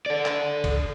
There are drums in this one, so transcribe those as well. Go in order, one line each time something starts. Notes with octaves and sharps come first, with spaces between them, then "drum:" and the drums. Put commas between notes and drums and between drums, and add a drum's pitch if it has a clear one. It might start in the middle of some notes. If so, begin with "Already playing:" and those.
A4 D5
drum: clap
drum: kick C2, cymbal